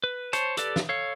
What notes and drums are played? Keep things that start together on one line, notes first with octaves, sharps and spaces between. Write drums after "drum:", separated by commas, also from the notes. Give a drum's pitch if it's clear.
B4
C5 C#5 A5, drum: hi-hat
G4 A4 B4 D5, drum: hi-hat
drum: snare
A4 C#5 F5